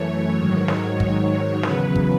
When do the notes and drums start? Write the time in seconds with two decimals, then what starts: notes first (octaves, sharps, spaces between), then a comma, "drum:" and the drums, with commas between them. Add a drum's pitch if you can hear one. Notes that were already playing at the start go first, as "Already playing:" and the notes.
Already playing: F#2 E3 A3 C#5
0.36 G#2 D#3 F#3
0.68 drum: snare
1.00 drum: kick
1.63 E2 C#3 F#3 B4, drum: snare
1.96 drum: kick